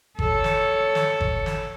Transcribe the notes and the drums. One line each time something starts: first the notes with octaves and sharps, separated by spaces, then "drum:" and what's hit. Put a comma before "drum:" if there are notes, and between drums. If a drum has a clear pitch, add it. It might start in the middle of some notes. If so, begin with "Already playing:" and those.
A4 C#5, drum: kick G1
drum: snare
drum: snare
drum: kick G1
drum: snare